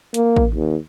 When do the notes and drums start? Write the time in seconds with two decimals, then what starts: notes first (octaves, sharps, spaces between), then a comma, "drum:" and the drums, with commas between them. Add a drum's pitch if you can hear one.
0.14 A#3, drum: hi-hat
0.36 drum: kick A1
0.54 D#2